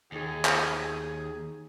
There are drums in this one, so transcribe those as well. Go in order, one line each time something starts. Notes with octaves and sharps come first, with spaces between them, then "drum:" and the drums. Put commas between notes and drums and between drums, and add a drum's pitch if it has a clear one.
D#2 G#4
drum: clap